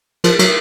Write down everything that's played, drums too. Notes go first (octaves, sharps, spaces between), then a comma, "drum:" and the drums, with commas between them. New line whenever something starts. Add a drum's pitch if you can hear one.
F3, drum: cymbal
F#3, drum: cymbal